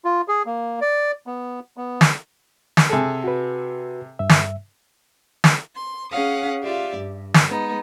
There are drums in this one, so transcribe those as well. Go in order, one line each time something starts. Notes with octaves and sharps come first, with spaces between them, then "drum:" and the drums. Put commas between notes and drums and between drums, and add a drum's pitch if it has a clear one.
F4
G#4
A#3
D5
B3
B3
drum: snare
drum: snare
C3 G#4 A4
F#4 B4
G2 E5
drum: snare
drum: snare
C6
C#4 G#4 F5 F#5 D#6
F4 G4 D5 E5
G2
drum: snare
G#3 B3 D#4